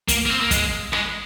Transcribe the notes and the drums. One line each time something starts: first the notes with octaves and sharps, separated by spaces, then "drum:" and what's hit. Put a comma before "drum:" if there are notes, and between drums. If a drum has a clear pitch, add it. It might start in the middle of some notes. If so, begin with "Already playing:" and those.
A#3, drum: kick, hi-hat
A#3
C4
A#3
G#3, drum: kick, hi-hat
G#3, drum: rim click